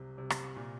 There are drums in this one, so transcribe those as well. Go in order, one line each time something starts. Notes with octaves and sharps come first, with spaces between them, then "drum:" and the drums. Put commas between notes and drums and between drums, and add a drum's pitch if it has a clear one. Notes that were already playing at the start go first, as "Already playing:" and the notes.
Already playing: C2 C3
C3
drum: rim click
A#2